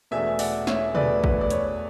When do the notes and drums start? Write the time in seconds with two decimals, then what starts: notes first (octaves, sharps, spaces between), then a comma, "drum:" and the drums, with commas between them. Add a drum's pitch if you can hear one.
0.11 E1 E2 B2 A3 D4 E5 G#5
0.39 D5 F#5, drum: open hi-hat
0.67 C#5 E5, drum: snare
0.95 E1 E2 B2 A3 D4 B4 D5, drum: tom B2
1.24 B4, drum: kick A1
1.41 D5
1.50 C#5, drum: hi-hat